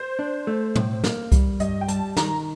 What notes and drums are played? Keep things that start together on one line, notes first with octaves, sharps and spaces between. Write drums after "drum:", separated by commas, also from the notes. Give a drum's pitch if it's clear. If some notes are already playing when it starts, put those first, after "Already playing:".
Already playing: C5
D4
A3
A2, drum: tom
A#3, drum: snare
G3, drum: kick C2, hi-hat
G2 D#5, drum: hi-hat
G5
G3 A5, drum: hi-hat
D#3 A#5, drum: snare